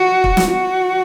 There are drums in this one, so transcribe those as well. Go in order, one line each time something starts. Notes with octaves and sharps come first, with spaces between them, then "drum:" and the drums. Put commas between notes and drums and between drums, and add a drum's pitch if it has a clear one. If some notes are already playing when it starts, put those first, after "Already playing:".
Already playing: F#4
drum: kick
drum: snare
F#4